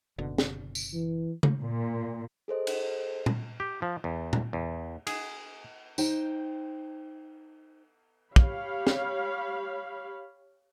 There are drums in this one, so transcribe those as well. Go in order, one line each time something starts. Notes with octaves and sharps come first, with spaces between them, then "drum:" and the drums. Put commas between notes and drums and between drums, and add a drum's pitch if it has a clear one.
F#1 B2 D3
drum: snare
drum: tambourine
E3
drum: tom C#3
A#2
G#4 A4 C5 D#5
drum: cymbal
drum: tom A#2
G4
F3
E2
drum: tom A#2
E2
G#4, drum: cymbal
D#4 C5 G5, drum: tambourine
G4 C#5 F5 B5, drum: kick
drum: snare